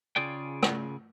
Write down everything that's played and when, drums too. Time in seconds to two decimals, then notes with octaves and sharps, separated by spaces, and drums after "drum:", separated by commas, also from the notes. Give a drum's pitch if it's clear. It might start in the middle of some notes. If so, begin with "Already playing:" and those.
0.16 C#3 F4 G#4 D5 G5
0.63 drum: rim click